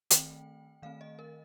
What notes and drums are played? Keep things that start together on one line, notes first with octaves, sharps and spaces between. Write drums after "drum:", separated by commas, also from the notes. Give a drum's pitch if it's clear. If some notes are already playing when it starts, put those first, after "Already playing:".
D#3 A3 C4 G5, drum: hi-hat
D#3 A3 C4 F5
D#5
A#4